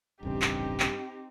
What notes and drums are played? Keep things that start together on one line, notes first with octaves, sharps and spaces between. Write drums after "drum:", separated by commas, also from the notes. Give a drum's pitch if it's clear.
D#1 A1 G2 C#3 C4 D#4 G4
drum: clap
drum: clap